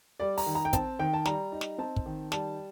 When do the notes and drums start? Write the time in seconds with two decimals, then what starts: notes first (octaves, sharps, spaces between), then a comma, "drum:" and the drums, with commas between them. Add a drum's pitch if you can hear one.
0.20 G3 D5
0.38 A#5, drum: open hi-hat
0.46 D#3
0.55 A#5
0.65 G5
0.73 C4 A5, drum: kick, hi-hat
0.99 D#3 G5
1.14 A5
1.25 G3 A#5, drum: snare
1.52 D#4
1.61 drum: snare
1.78 C4 A5
1.96 drum: kick
2.06 D#3
2.32 G3 A5, drum: snare